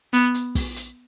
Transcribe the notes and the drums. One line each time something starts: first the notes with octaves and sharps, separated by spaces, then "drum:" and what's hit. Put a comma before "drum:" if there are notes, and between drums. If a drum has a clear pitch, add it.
B3, drum: hi-hat
drum: hi-hat
drum: kick, open hi-hat
drum: hi-hat